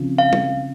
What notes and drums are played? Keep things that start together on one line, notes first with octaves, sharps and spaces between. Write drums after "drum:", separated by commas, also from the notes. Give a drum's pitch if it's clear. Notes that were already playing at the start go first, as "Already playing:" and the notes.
Already playing: C#3 F3 C4
F5
drum: tom